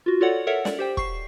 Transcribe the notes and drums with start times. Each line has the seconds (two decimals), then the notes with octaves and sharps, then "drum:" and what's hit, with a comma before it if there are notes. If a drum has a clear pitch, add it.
0.06 F4 F#4
0.21 F4 F#4 A4 C#5 D5 F#5
0.47 A4 A#4 C#5 E5 F#5
0.65 D5, drum: snare
0.79 G4 C5 G5
0.97 C#6 C7, drum: kick